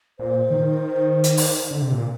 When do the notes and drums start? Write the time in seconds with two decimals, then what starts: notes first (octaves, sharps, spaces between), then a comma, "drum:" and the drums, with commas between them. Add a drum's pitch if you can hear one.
0.19 A#2 C5
0.51 D#3
1.24 drum: hi-hat
1.37 drum: open hi-hat
1.71 D3
1.82 C3
1.93 A#2